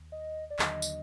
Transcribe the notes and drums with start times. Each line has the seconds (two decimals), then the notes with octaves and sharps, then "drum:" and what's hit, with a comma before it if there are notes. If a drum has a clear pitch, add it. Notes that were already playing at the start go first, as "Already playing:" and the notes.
Already playing: D#2
0.12 D#5
0.50 D5
0.59 D#2 D3 F#3 D#5, drum: clap
0.82 drum: tambourine